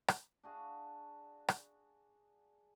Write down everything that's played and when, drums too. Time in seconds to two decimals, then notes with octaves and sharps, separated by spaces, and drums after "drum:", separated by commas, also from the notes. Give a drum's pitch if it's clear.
0.08 drum: rim click
0.43 D4 F#4 G#4 F5
1.49 drum: rim click